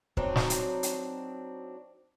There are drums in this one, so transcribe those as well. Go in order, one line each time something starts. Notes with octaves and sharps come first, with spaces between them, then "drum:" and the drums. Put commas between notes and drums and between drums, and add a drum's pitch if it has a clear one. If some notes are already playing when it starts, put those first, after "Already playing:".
F#3 C4 D4 D#4, drum: kick C#1
drum: snare
drum: hi-hat
drum: hi-hat